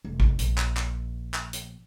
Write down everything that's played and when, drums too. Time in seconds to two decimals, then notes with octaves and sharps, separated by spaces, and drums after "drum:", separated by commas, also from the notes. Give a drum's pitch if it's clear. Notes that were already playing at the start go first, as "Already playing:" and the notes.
0.05 F1
0.20 drum: kick G#1
0.39 A#1, drum: hi-hat
0.58 drum: clap
0.77 drum: clap
1.34 drum: clap
1.53 drum: hi-hat